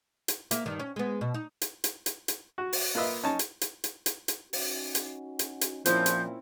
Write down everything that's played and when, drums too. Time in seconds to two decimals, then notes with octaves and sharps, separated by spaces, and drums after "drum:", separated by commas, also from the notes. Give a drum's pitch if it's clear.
0.28 drum: hi-hat
0.51 A#3 E5, drum: hi-hat
0.66 G2 D#3
0.80 C#4
0.96 G#3 B3
1.21 B2
1.34 D#4
1.62 drum: hi-hat
1.84 drum: hi-hat
2.06 drum: hi-hat
2.28 drum: hi-hat
2.58 F#4
2.73 drum: open hi-hat
2.95 A#3 F4 B4 D#5 E5
3.24 C#4 D#4 A5
3.39 drum: hi-hat
3.61 drum: hi-hat
3.84 drum: hi-hat
4.06 drum: hi-hat
4.28 drum: hi-hat
4.53 C#4 D#4 F#4, drum: open hi-hat
4.95 drum: hi-hat
5.39 drum: hi-hat
5.61 drum: hi-hat
5.86 A#2 F3 C4 C#4 E4 G6, drum: hi-hat
6.06 drum: hi-hat